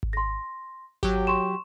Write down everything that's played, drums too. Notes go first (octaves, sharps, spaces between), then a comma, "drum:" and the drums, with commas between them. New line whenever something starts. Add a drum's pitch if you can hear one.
drum: kick G#1
C6 A#6
F#3 G4, drum: kick G#1
C6 C#6 E7